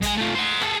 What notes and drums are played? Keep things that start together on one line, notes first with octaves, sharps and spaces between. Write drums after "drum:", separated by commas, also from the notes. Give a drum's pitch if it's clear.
G#3 G#5, drum: kick, hi-hat
A3 F4
C5 F#5
G#4 A4, drum: rim click